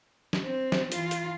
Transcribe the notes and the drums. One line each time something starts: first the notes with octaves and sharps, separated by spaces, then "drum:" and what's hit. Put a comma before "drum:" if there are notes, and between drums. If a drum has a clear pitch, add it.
drum: snare
C4
drum: snare
E3 F4, drum: hi-hat
drum: hi-hat